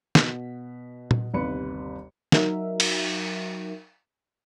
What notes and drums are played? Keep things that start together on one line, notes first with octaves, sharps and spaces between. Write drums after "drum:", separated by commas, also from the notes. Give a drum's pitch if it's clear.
B2 B6, drum: snare
drum: tom A#2
G1 D#2 C3 B4 B5 C#7
F#3 D#4 F#4 A#4 E5, drum: snare
drum: cymbal